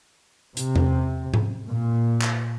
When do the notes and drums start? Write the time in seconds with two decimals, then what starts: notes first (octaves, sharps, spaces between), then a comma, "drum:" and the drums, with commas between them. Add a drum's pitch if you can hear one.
0.57 C3, drum: hi-hat
0.76 drum: tom E2
1.34 drum: tom G#2
1.68 A#2
2.22 drum: clap